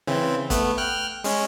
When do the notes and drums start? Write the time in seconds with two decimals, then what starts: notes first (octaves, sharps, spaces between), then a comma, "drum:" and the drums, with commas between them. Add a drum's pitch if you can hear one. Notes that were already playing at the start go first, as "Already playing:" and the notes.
0.07 C#3 E3 C4
0.50 A3 B3, drum: kick, hi-hat
0.78 G5 F6 F#6
1.24 G#3 C#4, drum: open hi-hat